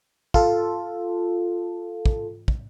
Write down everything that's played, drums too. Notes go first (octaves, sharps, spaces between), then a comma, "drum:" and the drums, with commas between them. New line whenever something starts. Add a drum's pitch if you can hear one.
F4 A4, drum: kick
drum: kick
drum: kick